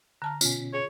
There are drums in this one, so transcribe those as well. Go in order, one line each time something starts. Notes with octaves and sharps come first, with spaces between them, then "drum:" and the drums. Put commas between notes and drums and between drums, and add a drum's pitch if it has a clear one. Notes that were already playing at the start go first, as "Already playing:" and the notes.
D3 A5 A#5 F6
B2 C#4 F4 G#5, drum: tambourine
G#4 C#5